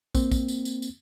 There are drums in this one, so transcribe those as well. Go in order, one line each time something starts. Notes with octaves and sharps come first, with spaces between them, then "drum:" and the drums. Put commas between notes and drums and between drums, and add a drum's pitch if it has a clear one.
A#3 C4, drum: kick, tambourine
drum: kick, tambourine
drum: tambourine
drum: tambourine
drum: tambourine